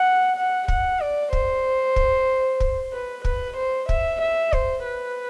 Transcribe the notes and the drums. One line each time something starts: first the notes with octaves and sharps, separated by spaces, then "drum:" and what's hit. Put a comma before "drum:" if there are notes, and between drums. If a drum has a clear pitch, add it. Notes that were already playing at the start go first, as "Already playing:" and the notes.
Already playing: F#5
F#5
F#5, drum: kick
D5
C5, drum: kick
drum: kick
drum: kick
B4
B4, drum: kick
C5
E5, drum: kick
E5
C5, drum: kick
B4